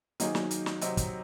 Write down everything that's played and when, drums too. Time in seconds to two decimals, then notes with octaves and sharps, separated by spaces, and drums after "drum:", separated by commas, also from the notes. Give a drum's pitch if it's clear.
0.20 D#3 F#3 A#3 D#4 G#4 C5, drum: hi-hat
0.35 F#3, drum: snare
0.51 drum: hi-hat
0.66 drum: snare
0.81 C3 F#3 C4 D#4, drum: hi-hat
0.97 drum: kick, hi-hat